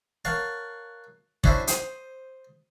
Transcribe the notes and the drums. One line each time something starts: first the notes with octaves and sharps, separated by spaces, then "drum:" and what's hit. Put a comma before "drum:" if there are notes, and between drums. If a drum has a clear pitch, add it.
A#4 C#5 F5 F#5 A5
C#4 D4 E4 F#4 C5, drum: kick
C5 D#6, drum: hi-hat